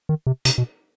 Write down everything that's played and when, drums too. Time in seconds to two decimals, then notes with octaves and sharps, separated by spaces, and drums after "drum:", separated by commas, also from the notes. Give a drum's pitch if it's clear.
0.09 D#3
0.27 C3
0.45 C3, drum: hi-hat
0.58 B2